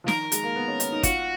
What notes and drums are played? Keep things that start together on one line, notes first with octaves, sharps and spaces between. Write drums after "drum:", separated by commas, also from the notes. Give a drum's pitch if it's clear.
F3
D#3 A#4, drum: snare
G#3, drum: hi-hat
A#3
B3
C#4
C#4, drum: hi-hat
D#4
F4 F#4, drum: kick, hi-hat